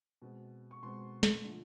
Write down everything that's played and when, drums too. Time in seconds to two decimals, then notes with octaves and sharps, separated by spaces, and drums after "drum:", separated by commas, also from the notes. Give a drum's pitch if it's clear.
0.22 B2 G#3 C4
0.71 C#6
0.83 B2 G#3 C4 C6
1.23 drum: snare
1.44 D3 F3 A3